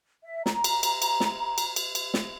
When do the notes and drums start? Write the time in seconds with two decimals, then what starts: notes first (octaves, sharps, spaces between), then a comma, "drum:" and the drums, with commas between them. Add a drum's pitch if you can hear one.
0.24 E5
0.46 A#5, drum: snare
0.64 drum: cymbal
0.83 drum: cymbal
1.02 drum: cymbal
1.20 drum: snare
1.58 drum: cymbal
1.76 drum: cymbal
1.95 drum: cymbal
2.14 drum: snare